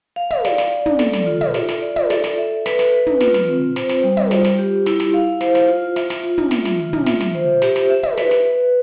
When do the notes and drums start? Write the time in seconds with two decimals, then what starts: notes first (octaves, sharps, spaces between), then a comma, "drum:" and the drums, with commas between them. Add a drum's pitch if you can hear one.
0.16 F5
0.31 drum: tom
0.45 D5, drum: snare
0.58 drum: snare
0.72 D5
0.86 drum: tom
0.99 A4, drum: snare
1.13 drum: snare
1.27 F4
1.41 drum: tom
1.54 E5, drum: snare
1.69 drum: snare
1.82 D5
1.96 drum: tom
2.10 A4, drum: snare
2.24 drum: snare
2.38 E5
2.66 B4, drum: snare
2.79 drum: snare
2.93 B4
3.07 drum: tom
3.21 F4, drum: snare
3.34 drum: snare
3.48 C4
3.76 C5, drum: snare
3.89 drum: snare
4.03 G3
4.17 drum: tom
4.31 F4, drum: snare
4.45 drum: snare
4.58 G4
4.86 E4, drum: snare
5.00 drum: snare
5.14 F5
5.41 C5, drum: snare
5.55 drum: snare
5.68 F4
5.96 E5, drum: snare
6.10 drum: snare
6.24 F4
6.38 drum: tom
6.51 E5, drum: snare
6.65 drum: snare
6.79 F4
6.93 drum: tom
7.06 E5, drum: snare
7.21 drum: snare
7.35 C5
7.62 G4, drum: snare
7.76 drum: snare
7.90 E5
8.03 drum: tom
8.18 B4, drum: snare
8.31 drum: snare
8.45 B4